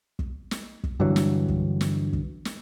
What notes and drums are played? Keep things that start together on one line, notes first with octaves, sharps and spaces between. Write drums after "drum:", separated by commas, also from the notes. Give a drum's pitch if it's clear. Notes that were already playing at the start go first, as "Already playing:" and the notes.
drum: kick
drum: snare
drum: kick
G2 D3 E3 F#3
drum: snare
drum: kick
drum: snare
drum: kick
drum: snare